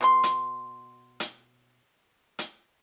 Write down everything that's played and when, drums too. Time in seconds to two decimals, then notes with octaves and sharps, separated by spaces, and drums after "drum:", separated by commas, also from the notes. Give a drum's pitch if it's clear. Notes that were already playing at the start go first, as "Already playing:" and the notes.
0.01 B2 C4 C6
0.23 drum: hi-hat
1.20 drum: hi-hat
2.39 drum: hi-hat